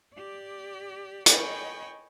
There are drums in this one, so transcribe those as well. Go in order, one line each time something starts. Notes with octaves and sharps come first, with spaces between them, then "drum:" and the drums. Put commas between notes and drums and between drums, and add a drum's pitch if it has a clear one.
G4 D5
C#5 D#5 G5 G#5 B5 C#6, drum: hi-hat